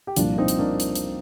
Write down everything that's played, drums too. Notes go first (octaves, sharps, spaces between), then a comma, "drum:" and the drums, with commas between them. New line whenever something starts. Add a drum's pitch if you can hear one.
G4
C2 A#2 F3 D4 F4, drum: hi-hat
C4 D#4
drum: hi-hat
A#3 D4
drum: hi-hat
drum: hi-hat